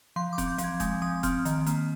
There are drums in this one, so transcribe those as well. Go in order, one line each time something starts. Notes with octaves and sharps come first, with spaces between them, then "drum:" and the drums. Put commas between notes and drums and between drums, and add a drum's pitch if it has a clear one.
F3 C6
D6
C4, drum: kick E1, hi-hat
G6
F3, drum: hi-hat
G#6
G#3 G6, drum: kick E1, hi-hat
F3 D#6
C4 F6, drum: kick E1, hi-hat
D#3, drum: hi-hat
A#3, drum: hi-hat